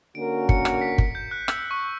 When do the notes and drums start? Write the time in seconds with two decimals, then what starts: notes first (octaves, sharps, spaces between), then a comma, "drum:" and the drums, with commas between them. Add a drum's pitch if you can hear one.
0.15 D3 A#3 C#4 F#4 A#4 D7
0.49 C#7, drum: kick G1
0.65 drum: rim click
0.81 B6
0.98 drum: kick G1
1.15 G6
1.31 F#6
1.48 E6, drum: rim click
1.71 C#6